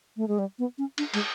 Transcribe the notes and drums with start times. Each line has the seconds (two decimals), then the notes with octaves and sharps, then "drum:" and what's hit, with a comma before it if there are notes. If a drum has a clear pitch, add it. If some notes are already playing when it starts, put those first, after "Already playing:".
0.17 A3
0.28 G#3
0.39 G3
0.59 B3
0.78 C#4
0.98 D4, drum: cymbal
1.14 G#3, drum: cymbal